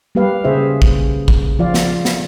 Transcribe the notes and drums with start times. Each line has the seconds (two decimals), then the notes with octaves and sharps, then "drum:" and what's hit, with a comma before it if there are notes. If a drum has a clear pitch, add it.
0.15 G3 A#3 G4 B4 F5
0.44 C#3 G#4 C5 E5
0.82 drum: kick
1.28 drum: kick
1.59 F3 F4 D5 F5
1.74 drum: snare
2.05 drum: snare